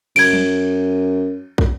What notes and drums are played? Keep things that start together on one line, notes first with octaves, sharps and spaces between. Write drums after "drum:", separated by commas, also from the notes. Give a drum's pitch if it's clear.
F#2 G#6 D7, drum: cymbal
drum: tom F#3
drum: kick